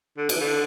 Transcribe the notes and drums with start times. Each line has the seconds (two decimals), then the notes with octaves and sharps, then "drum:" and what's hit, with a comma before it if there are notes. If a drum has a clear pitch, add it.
0.18 D3
0.29 B2, drum: cymbal
0.36 E3
0.41 D3